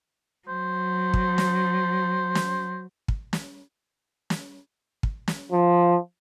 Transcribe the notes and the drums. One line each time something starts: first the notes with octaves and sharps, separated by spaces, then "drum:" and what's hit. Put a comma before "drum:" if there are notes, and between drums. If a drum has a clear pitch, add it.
F#3 C5
drum: kick
drum: snare
drum: snare
drum: kick
drum: snare
drum: snare
drum: kick
drum: snare
F3